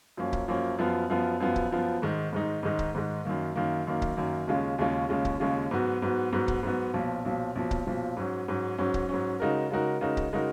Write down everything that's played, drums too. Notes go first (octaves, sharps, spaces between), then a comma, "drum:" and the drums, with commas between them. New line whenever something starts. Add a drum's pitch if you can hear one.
F#2 F3 A#3 C#4
drum: kick C#1
F#2 F3 A#3 C#4
F#2 F3 B3 F4
F#2 F3 B3 F4
F#2 F3 B3 F4
drum: kick C#1
F#2 F3 B3 F4
G#2 D#3 G#3 D#4
G#2 D#3 G#3 D#4
G#2 D#3 G#3 D#4
drum: kick C#1
G#2 D#3 G#3 D#4
F#2 D#3 A#3
F#2 D#3 A#3
F#2 D#3 A#3
drum: kick C#1
F#2 D#3 A#3
D#2 C#3 G#3 C#4 F4
D#2 C#3 G#3 C#4 F4
D#2 C#3 G#3 C#4 F4
drum: kick C#1
D#2 C#3 G#3 C#4 F4
G#2 F#3 B3 F#4
G#2 F#3 B3 F#4
G#2 F#3 B3 F#4
drum: kick C#1
G#2 F#3 B3 F#4
B1 A#2 F3
B1 A#2 F3
B1 A#2 F3
drum: kick C#1
B1 A#2 F3
G#2 F#3 C#4
G#2 F#3 C#4
G#2 F#3 C#4
drum: kick C#1
G#2 F#3 C#4
C#3 G#3 D#4 F#4 A#4
C#3 G#3 D#4 F#4 A#4
C#3 G#3 D#4 F#4 A#4
drum: kick C#1
C#3 G#3 D#4 F#4 A#4